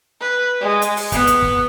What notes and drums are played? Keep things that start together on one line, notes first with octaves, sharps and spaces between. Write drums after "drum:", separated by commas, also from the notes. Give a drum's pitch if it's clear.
B4
G#3
drum: hi-hat
drum: open hi-hat
B3, drum: kick, hi-hat
drum: hi-hat
drum: kick